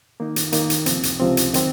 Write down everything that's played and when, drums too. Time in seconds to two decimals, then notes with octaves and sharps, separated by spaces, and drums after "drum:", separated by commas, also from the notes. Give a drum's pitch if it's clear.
0.20 D#3 A#3 D#4
0.36 drum: hi-hat
0.52 D#3 A#3 D#4, drum: hi-hat
0.70 drum: hi-hat
0.86 C#2 C3 F3 C4, drum: hi-hat
1.03 drum: hi-hat
1.20 C#2 C3 F3 C4
1.37 drum: hi-hat
1.54 D#3 F#3 C4, drum: hi-hat